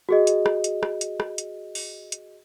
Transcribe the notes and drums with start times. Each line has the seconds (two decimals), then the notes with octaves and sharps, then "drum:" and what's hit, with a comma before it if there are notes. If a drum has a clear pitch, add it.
0.09 F#4 G#4 D#5
0.27 drum: hi-hat
0.46 drum: rim click
0.64 drum: hi-hat
0.83 drum: rim click
1.01 drum: hi-hat
1.20 drum: rim click
1.38 drum: hi-hat
1.75 drum: open hi-hat
2.12 drum: hi-hat